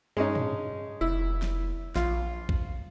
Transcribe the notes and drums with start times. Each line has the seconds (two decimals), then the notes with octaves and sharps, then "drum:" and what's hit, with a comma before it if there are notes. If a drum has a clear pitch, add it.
0.17 G2 G#3 C#4 D#4
0.35 drum: tom
1.01 F1 E4
1.42 drum: snare
1.96 A#1 F4, drum: snare
2.49 drum: kick A#1